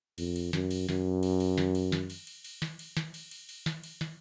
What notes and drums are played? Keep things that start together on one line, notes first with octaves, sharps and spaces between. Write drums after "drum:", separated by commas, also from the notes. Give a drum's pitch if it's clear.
F2, drum: cymbal
drum: cymbal
F#2, drum: snare
drum: cymbal
F#2, drum: snare
drum: cymbal
drum: cymbal
drum: snare
drum: cymbal
drum: snare
drum: cymbal
drum: cymbal
drum: cymbal
drum: snare
drum: cymbal
drum: snare
drum: cymbal
drum: cymbal
drum: cymbal
drum: snare
drum: cymbal
drum: snare